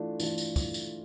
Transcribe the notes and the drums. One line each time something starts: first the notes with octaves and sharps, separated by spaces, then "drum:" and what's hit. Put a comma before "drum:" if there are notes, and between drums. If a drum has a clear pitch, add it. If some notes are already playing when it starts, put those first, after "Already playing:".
Already playing: E3 A3 D4 F4
E3 A3 D4 F4, drum: tambourine
drum: tambourine
drum: kick, tambourine
drum: tambourine